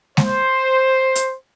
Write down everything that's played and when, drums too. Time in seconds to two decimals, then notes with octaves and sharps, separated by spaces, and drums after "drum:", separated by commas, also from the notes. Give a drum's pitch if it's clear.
0.17 C5, drum: snare G#3
1.15 drum: hi-hat